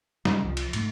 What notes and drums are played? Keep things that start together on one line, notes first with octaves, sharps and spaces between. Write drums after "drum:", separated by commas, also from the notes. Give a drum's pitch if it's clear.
G2 C#3 G3, drum: snare
C2 F3
drum: cymbal
G#2 A3, drum: cymbal